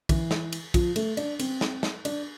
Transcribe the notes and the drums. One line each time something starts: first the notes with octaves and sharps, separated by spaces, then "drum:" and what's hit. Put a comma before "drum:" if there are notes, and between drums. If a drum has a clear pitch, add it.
E3, drum: kick, cymbal
drum: snare
drum: cymbal
F3, drum: kick, cymbal
A3, drum: cymbal
D4, drum: cymbal
C4, drum: cymbal
drum: snare
drum: snare
D4, drum: cymbal